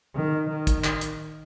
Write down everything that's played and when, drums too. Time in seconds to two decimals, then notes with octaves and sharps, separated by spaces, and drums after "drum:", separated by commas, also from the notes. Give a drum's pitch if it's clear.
0.15 D#3
0.50 D#3
0.67 drum: kick, hi-hat
0.84 drum: clap
1.01 drum: hi-hat